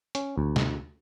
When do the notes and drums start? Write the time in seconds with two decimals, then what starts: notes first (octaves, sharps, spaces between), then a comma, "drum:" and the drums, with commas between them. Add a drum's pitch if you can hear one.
0.15 C#4, drum: hi-hat
0.38 D2
0.56 drum: snare